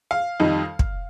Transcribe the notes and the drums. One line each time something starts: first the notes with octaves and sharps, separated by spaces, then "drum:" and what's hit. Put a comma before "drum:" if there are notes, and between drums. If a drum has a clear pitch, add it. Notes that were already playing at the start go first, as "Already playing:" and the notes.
F5
F2 D#3 G3 D#4
drum: kick